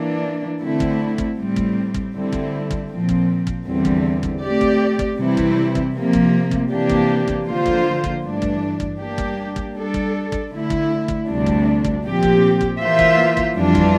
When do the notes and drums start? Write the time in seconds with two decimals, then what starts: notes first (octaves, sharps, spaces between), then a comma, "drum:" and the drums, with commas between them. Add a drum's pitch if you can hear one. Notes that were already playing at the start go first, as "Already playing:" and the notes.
Already playing: E3 A#3 D4
0.61 D3 A3 C4 E4
0.80 drum: kick
1.18 drum: kick
1.37 A2 G3 C4
1.56 drum: kick
1.94 drum: kick
2.14 D3 G3 C4 E4
2.32 drum: kick
2.71 drum: kick
2.89 A#2 F3 C4
3.09 drum: kick
3.47 drum: kick
3.66 E2 D3 G3 C4
3.85 drum: kick
4.23 drum: kick
4.42 A3 C4 G4 D5
4.61 drum: kick
4.99 drum: kick
5.17 C3 E3 G3 C4 E4
5.37 drum: kick
5.75 drum: kick
5.94 C3 F3 A#3
6.13 drum: kick
6.51 drum: kick
6.70 C3 E3 A#3 D4 G4
6.89 drum: kick
7.28 drum: kick
7.46 D3 F3 A#3 F4 C5
7.66 drum: kick
8.04 drum: kick
8.22 G2 E3 A3 D4
8.42 drum: kick
8.80 drum: kick
8.99 G3 A#3 D4 G4
9.18 drum: kick
9.56 drum: kick
9.74 G3 D4 A4
9.94 drum: kick
10.32 drum: kick
10.51 D3 A3 E4
10.70 drum: kick
11.08 drum: kick
11.27 D2 C3 G3 D4
11.46 drum: kick
11.84 drum: kick
12.04 A#2 F3 C4 G4
12.23 drum: kick
12.61 drum: kick
12.79 E3 A#3 F4 C5 E5
12.99 drum: kick
13.37 drum: kick
13.56 F2 E3 G3 D4 F4
13.75 drum: kick